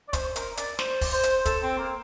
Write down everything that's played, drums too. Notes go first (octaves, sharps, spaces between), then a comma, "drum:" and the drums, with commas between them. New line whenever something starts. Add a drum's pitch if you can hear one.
D5
C5, drum: kick, hi-hat
A#4, drum: hi-hat
D5, drum: hi-hat
C5, drum: snare
drum: kick, open hi-hat
C5
drum: hi-hat
A4, drum: kick, hi-hat
C4
A#3